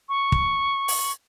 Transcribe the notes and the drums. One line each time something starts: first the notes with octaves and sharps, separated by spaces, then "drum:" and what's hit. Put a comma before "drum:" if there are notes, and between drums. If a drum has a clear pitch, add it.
C#6
drum: kick
drum: open hi-hat